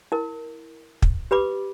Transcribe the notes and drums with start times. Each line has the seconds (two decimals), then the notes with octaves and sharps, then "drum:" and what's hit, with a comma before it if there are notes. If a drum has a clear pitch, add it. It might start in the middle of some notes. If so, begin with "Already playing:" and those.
0.12 E4 A#4
1.02 drum: kick
1.31 G4 B4 B5 D6